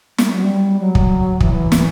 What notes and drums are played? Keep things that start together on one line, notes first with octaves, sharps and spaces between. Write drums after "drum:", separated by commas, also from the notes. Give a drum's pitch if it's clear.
G3, drum: snare
F#3
G3
F#3
drum: kick
E3, drum: kick
drum: snare